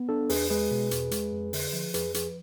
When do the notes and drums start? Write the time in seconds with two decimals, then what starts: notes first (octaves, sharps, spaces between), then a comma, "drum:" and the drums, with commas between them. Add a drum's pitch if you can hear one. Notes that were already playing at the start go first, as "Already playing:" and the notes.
Already playing: B3
0.09 D4 A4
0.30 E2 G#4 B4, drum: open hi-hat
0.50 G#3 G#4 B4
0.71 B2
0.91 E2, drum: hi-hat
1.11 G#3, drum: hi-hat
1.32 F2
1.53 D3, drum: open hi-hat
1.73 F3
1.94 F2 G#4 B4, drum: hi-hat
2.14 F3 G#4 B4, drum: hi-hat